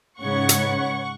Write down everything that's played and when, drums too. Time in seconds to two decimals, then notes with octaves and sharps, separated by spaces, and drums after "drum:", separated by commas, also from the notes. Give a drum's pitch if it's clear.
0.21 G#2 C#3 B4 C#5 F#5 C#6
0.49 drum: hi-hat